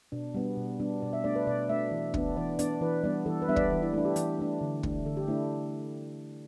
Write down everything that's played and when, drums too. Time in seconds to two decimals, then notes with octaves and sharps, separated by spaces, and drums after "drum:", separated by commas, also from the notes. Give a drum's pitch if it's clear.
0.12 B2 D4
0.34 G3 B3 D4
0.57 B2
0.80 G3 B3 D4
1.02 B2 D5
1.13 E5
1.24 A3 D4 D5
1.36 B4
1.47 B2 D5
1.69 A3 D4 E5
1.91 E3
2.14 B3 D4, drum: kick
2.37 E3 D5
2.59 B3 D4 D5, drum: hi-hat
2.81 E3 B4
3.04 G3 B3 D4 D5
3.26 E3 A4
3.42 B4
3.49 G3 B3 D4 E5
3.56 D5, drum: kick
3.72 E3
3.82 E4
3.93 A3 D4 E4
4.05 G4
4.16 E3, drum: hi-hat
4.39 A3 D4
4.61 D3
4.83 A3 D4, drum: kick
5.06 D3 A4
5.17 G4
5.28 A3 D4 E4